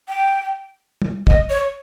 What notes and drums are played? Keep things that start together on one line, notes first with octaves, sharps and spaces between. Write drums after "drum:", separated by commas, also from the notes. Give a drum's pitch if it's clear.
G5
drum: tom
D#5, drum: kick
C#5